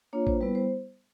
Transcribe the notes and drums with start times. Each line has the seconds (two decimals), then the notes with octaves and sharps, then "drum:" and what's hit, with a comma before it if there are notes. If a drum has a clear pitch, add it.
0.13 A#3 D4 F4 C#5
0.27 C5, drum: kick
0.41 G3 B3 E4 B4
0.55 C5